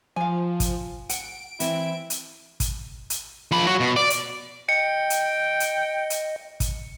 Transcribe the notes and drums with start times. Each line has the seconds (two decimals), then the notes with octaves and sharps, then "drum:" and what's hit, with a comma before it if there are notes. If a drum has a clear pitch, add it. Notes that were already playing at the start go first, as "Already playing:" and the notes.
0.16 F3 F5 G#5
0.60 drum: kick, hi-hat
1.09 F#5 D7, drum: hi-hat
1.60 E3 C4 E4, drum: hi-hat
2.10 drum: hi-hat
2.60 drum: kick, hi-hat
3.10 drum: hi-hat
3.51 F3 B5
3.67 F#4 C#5
3.80 B2
3.96 D5
4.10 drum: hi-hat
4.69 D#5 G5 C#7
5.10 drum: hi-hat
5.60 drum: hi-hat
6.10 drum: hi-hat
6.60 drum: kick, hi-hat